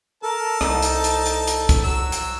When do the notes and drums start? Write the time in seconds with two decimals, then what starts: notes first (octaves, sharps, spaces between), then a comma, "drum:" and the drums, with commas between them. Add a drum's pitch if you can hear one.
0.23 A4 A#4 A5
0.61 C2 D#4, drum: rim click
0.83 drum: hi-hat
1.04 drum: hi-hat
1.26 drum: hi-hat
1.47 drum: hi-hat
1.69 drum: kick, hi-hat
1.84 F#3 E6
2.12 drum: hi-hat